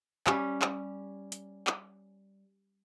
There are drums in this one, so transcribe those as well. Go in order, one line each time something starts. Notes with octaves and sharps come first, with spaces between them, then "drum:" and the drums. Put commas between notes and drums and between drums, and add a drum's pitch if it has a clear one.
G3 C#4, drum: clap
drum: clap
drum: hi-hat
drum: clap